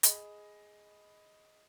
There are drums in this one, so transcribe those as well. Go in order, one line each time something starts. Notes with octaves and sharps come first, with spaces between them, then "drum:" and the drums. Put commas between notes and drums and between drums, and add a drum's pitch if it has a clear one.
G#4 D#5 B5, drum: hi-hat